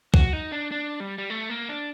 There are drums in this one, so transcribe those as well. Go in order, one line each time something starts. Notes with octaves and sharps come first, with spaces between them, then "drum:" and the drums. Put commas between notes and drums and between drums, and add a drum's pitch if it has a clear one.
F#4, drum: kick
D#4
D4
D4
G3
G3
A3
A#3
D4